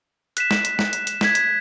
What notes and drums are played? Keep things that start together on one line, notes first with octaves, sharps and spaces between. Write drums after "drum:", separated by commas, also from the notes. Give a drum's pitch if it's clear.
F#6 B6 E7, drum: hi-hat
drum: snare
drum: hi-hat
drum: snare
drum: hi-hat
drum: hi-hat
G#6 B6 E7, drum: snare
drum: hi-hat